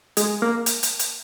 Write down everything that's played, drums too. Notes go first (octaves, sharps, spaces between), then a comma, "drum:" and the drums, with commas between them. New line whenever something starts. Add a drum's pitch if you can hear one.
G#3, drum: hi-hat
A#3
drum: hi-hat
drum: hi-hat
drum: hi-hat